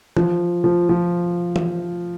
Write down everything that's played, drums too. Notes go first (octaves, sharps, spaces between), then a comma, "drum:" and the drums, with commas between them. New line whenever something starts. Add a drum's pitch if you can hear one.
F3, drum: tom E3
F3
F3
drum: tom E3